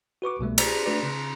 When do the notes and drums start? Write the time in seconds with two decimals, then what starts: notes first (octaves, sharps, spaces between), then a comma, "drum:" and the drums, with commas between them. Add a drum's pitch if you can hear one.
0.22 F#4 B4 C#6 D6
0.39 C2 B2 G3 A3
0.58 G4 G#4 C5 D5, drum: cymbal
0.86 A3 D4 F#4 B4 D5
1.03 C#3